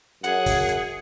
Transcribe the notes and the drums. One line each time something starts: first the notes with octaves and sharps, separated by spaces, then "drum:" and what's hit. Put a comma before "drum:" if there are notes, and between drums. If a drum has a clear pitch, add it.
F#2 G#4 F#5, drum: hi-hat
drum: kick, open hi-hat
drum: hi-hat